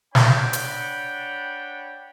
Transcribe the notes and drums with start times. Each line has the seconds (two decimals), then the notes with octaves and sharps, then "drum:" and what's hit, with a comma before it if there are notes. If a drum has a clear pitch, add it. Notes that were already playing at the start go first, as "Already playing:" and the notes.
0.15 D4 C#5 F#5 G5 B5, drum: snare
0.53 drum: hi-hat